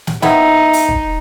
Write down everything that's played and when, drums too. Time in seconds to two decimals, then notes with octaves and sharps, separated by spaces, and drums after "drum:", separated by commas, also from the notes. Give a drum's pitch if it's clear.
0.07 drum: snare
0.22 B3 C4 D#4 E4, drum: snare
0.73 drum: open hi-hat
0.89 drum: kick